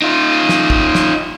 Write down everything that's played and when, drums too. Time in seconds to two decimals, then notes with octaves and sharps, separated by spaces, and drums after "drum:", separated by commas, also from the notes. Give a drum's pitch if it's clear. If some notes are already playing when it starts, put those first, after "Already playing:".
0.02 D#4 F4
0.49 drum: snare
0.70 drum: kick
0.95 drum: snare